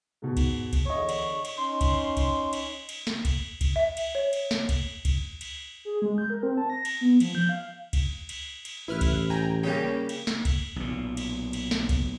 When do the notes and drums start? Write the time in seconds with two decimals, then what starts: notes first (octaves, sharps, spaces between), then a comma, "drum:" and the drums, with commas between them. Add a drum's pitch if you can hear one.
0.22 G#2 B2
0.37 drum: kick C2, cymbal
0.73 drum: kick C2, cymbal
0.85 E2 D3 C#5 D#5 C#6
1.09 drum: cymbal
1.45 drum: cymbal
1.57 C#4 D#4 C6
1.81 drum: kick C2, cymbal
2.17 drum: kick C2, cymbal
2.53 drum: cymbal
2.89 drum: cymbal
3.07 drum: snare
3.25 drum: kick C2, cymbal
3.61 drum: kick C2, cymbal
3.76 E5
3.97 drum: cymbal
4.15 C#5
4.33 drum: cymbal
4.51 drum: snare
4.69 drum: kick C2, cymbal
5.05 drum: kick C2, cymbal
5.41 drum: cymbal
5.85 G#4
6.02 G#3
6.18 G6
6.30 A#4
6.43 C4
6.57 A5
6.70 A#6
6.85 drum: cymbal
7.01 B3
7.20 F3, drum: cymbal
7.35 G6
7.49 F5
7.93 drum: kick C2, cymbal
8.29 drum: cymbal
8.65 drum: cymbal
8.88 A1 E4 B4 F6
9.01 drum: kick C2, cymbal
9.30 G5 G#5 A#5
9.63 C#3 G3 A#3 C#4 G5
10.09 drum: cymbal
10.27 drum: snare
10.45 drum: kick C2, cymbal
10.76 B1 A#2
11.17 drum: cymbal
11.53 drum: cymbal
11.71 drum: snare
11.89 drum: kick C2, cymbal